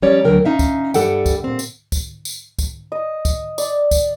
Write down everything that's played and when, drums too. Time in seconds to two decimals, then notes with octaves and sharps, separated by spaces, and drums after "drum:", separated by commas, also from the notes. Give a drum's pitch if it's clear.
0.02 F3 G3 C#4 C#5 D5
0.25 D2 G2 D3 F#3 A#4 G5
0.45 C#4 D#4 E5 F5
0.59 drum: kick, tambourine
0.94 G2 F3 G3 A4 F#5 G5, drum: tambourine
1.26 drum: kick, tambourine
1.44 A#2 C4
1.59 drum: tambourine
1.92 drum: kick, tambourine
2.25 drum: tambourine
2.59 drum: kick, tambourine
2.92 D#5
3.25 drum: kick, tambourine
3.58 D5, drum: tambourine
3.91 drum: kick, tambourine